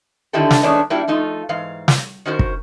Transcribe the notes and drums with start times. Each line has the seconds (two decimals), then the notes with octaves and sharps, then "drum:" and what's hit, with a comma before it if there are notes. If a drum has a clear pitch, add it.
0.33 D3 D#3 E4 G4 A4
0.51 drum: snare
0.63 D#3 G#3 A3 B3 C#4 D4
0.90 G3 A#3 D4 E4 F#4 G4
1.08 F3 A3 D#4 F4
1.49 G#2 E3 F5
1.88 drum: snare
2.26 D#3 C#4 F#4 A#4 C5
2.39 drum: kick